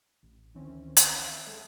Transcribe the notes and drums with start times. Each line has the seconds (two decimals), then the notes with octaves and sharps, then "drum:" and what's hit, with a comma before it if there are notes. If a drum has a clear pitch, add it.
0.23 A1
0.54 D2 D#3 E3 C4 C#4
0.97 drum: hi-hat
1.17 E5 F5 A6
1.45 G#3 A4 D#5 E5